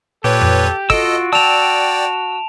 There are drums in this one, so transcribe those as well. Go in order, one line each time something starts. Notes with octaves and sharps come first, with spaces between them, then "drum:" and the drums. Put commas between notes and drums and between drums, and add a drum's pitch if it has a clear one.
A#2 G4 A4 B4 C#5
drum: tom F2
F4 F#4 A4 D#5 E6 D7, drum: kick
D5 G5 A5 E6 E7 F7